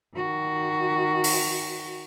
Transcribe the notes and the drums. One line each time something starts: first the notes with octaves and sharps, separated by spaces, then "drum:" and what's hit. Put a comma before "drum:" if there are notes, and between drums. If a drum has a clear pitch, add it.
D#3 F#4
drum: open hi-hat